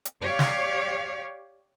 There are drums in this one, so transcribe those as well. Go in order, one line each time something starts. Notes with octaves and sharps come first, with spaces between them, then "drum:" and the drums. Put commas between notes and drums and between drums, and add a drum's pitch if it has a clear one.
drum: hi-hat
G4 C#5 D5 F5
drum: snare